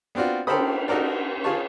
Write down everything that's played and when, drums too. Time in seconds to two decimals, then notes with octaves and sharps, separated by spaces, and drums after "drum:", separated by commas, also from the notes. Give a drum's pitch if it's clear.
0.15 B3 C4 D4 F4 F#4
0.47 G4 A4 A#4 C5 B5 D#6, drum: cymbal
0.88 D#4 F#4 A4 A#4 D5
1.44 F4 G#4 F5 A5 C#6